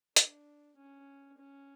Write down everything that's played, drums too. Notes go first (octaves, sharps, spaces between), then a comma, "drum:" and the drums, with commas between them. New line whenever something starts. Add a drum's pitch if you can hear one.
D4, drum: hi-hat
C#4
C#4